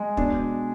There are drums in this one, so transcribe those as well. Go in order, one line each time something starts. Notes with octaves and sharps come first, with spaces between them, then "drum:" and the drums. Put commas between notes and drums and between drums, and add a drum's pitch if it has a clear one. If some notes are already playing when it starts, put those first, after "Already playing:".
Already playing: G#3
B2 D4, drum: kick